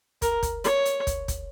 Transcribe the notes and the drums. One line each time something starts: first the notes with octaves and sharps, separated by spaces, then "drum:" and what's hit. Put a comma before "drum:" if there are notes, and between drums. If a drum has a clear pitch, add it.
A#4, drum: kick, hi-hat
drum: kick, hi-hat
C#5, drum: hi-hat
drum: hi-hat
drum: kick, hi-hat
drum: kick, hi-hat